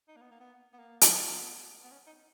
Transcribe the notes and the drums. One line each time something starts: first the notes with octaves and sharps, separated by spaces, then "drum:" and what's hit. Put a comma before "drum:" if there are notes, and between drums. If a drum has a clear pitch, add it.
D#4
A#3
B3
A#3
B3
B3
A#3
drum: hi-hat
B3
B3
C#4
D#4